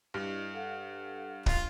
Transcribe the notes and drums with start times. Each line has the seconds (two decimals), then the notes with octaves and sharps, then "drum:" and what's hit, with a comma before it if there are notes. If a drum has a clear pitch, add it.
0.14 G2 E4 D#5
0.54 A4 F5 F#5
1.46 D4 F4, drum: kick